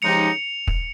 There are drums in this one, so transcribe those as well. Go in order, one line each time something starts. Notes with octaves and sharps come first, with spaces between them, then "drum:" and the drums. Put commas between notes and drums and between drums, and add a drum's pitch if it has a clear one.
C#3 F3 G#3 D#4 G4 C#7 F7
drum: kick